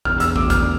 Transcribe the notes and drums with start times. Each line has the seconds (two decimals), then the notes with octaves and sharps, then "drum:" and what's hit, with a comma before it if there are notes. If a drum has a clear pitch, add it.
0.05 E1 F6, drum: kick
0.20 E6, drum: hi-hat
0.36 D2 D6, drum: kick
0.50 F6, drum: kick, hi-hat